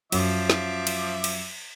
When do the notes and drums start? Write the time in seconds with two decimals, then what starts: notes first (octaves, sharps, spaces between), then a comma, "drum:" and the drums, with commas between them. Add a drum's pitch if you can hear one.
0.12 F#2 F3 F#3 E5 D6, drum: cymbal
0.50 drum: snare
0.87 drum: cymbal
1.24 drum: cymbal